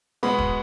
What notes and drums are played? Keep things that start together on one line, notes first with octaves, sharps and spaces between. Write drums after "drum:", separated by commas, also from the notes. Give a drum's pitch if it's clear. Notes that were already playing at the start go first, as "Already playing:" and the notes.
B2 G#3 B3 B5
drum: kick